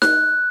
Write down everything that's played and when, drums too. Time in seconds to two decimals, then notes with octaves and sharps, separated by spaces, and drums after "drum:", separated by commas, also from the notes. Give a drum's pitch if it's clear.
0.02 F#6, drum: snare D#4